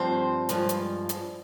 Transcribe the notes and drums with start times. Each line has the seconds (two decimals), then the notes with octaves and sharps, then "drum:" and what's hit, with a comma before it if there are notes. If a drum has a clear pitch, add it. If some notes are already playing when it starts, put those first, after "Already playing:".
Already playing: G2 F3 C4 C5
0.49 G2 F3 G#3, drum: hi-hat
0.69 drum: hi-hat
1.09 drum: hi-hat